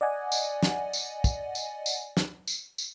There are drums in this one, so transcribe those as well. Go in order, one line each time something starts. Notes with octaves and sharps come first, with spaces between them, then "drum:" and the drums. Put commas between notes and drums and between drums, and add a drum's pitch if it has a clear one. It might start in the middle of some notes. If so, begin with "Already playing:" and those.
D5 D#5 F#5 G#5
drum: tambourine
drum: snare
drum: tambourine
drum: kick, tambourine
drum: tambourine
drum: tambourine
drum: snare
drum: tambourine
drum: tambourine